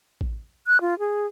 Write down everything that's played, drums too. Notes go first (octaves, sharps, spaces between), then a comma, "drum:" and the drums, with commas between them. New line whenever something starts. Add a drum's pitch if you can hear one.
drum: kick A1
F#6
F4
G#4